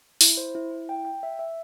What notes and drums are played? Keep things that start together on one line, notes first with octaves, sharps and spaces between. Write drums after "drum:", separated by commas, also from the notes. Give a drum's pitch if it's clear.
E4, drum: open hi-hat
C5
E4
E4
G5
G5
E5
E5